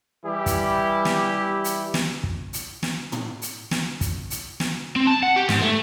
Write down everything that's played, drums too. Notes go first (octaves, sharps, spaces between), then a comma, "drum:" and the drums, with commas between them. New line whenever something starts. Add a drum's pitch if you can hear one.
E3 G3 E4 G4
drum: kick, hi-hat
drum: snare
drum: hi-hat
drum: snare
drum: kick
drum: hi-hat
drum: snare
drum: tom
drum: hi-hat
drum: snare
drum: kick, hi-hat
drum: hi-hat
drum: snare
C4
A5
F#5
G4
G#2, drum: snare
A3